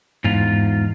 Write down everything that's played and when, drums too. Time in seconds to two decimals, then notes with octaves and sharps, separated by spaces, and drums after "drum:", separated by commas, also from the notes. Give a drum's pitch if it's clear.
0.24 E2 G#2 F4, drum: tom G2